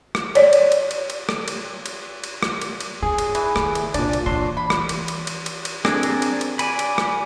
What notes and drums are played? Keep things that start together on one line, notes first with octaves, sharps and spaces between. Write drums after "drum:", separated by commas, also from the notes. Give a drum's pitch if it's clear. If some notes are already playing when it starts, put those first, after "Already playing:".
drum: rim click
C#5 D5, drum: cymbal
drum: cymbal
drum: cymbal
drum: cymbal
drum: cymbal
drum: rim click
drum: cymbal
drum: cymbal
drum: cymbal
drum: rim click
drum: cymbal
drum: cymbal
F4 G#4
drum: cymbal
E3, drum: cymbal
D#3, drum: rim click
drum: cymbal
C2 A#2 D4 D5, drum: cymbal
drum: cymbal
E3 F#3 D4 C6
B5
drum: rim click
drum: cymbal
drum: cymbal
drum: cymbal
drum: cymbal
drum: cymbal
C4 D4 G#4 A#4, drum: rim click
drum: cymbal
drum: cymbal
drum: cymbal
D5 G#5 B5, drum: cymbal
drum: cymbal
drum: rim click